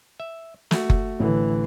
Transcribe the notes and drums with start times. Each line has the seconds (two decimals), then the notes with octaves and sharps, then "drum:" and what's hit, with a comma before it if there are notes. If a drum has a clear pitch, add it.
0.20 E5
0.71 A3 F#4, drum: snare
0.90 drum: kick F#1
1.20 A1 D3 E3